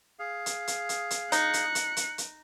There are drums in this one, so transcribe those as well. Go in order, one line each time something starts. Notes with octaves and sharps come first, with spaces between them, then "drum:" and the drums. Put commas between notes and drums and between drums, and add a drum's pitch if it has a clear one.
G#4 F5
drum: hi-hat
drum: hi-hat
drum: hi-hat
drum: hi-hat
D#4 F#6 C#7, drum: hi-hat
drum: hi-hat
drum: hi-hat
drum: hi-hat
drum: hi-hat